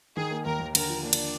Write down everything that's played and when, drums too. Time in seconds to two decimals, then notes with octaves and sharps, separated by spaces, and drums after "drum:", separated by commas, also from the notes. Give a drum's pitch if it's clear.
0.16 D#3 G#4
0.31 A#3
0.46 D#2 A#4
0.60 D#2
0.75 D3 A#4, drum: cymbal
0.89 F3
1.03 A#3 D4
1.13 drum: cymbal